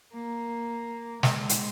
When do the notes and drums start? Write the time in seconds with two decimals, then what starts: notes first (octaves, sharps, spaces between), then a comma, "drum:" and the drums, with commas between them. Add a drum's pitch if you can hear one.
0.12 A#3
1.23 G#3, drum: snare
1.49 drum: hi-hat